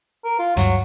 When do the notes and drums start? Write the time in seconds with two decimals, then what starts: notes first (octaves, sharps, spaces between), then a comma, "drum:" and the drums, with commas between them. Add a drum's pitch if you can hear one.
0.25 A#4
0.39 F4
0.57 D2 G2 F#3, drum: hi-hat